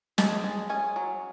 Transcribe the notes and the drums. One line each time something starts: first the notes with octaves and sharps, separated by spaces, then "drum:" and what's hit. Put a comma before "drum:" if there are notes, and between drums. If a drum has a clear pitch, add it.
G#3 A5, drum: snare
G#3
C#4 G#5
F#3